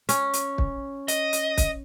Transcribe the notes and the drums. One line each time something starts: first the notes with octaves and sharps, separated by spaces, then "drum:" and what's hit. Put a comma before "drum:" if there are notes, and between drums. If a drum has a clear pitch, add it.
C#4, drum: hi-hat
drum: hi-hat
drum: kick
D#5, drum: hi-hat
drum: hi-hat
drum: kick, hi-hat